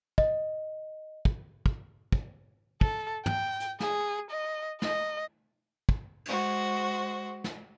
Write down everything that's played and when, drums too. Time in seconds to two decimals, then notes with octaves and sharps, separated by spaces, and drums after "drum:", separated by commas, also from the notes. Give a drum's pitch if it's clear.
0.18 D#5, drum: kick
1.25 drum: kick
1.66 drum: kick
2.12 drum: kick
2.81 A4, drum: kick
3.26 G5, drum: tom
3.60 drum: hi-hat
3.80 G#4, drum: snare
4.31 D#5
4.82 D#5, drum: snare
5.89 drum: kick
6.25 G#3 F#4 C5, drum: cymbal
7.44 drum: snare